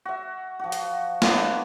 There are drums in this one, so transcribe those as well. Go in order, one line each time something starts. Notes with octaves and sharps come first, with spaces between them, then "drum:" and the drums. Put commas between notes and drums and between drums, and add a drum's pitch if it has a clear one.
F#4 E5
F3 F#4
drum: hi-hat
A#3 B3 D4 C#5, drum: snare